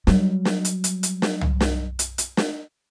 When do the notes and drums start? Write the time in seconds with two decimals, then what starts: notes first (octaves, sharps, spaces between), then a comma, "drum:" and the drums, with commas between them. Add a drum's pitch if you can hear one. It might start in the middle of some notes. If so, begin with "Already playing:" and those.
0.07 F#3 G3, drum: snare
0.45 drum: snare
0.65 drum: hi-hat
0.84 drum: hi-hat
1.03 drum: hi-hat
1.22 drum: snare
1.41 drum: tom C2
1.61 drum: snare
1.99 drum: hi-hat
2.18 drum: hi-hat
2.37 drum: snare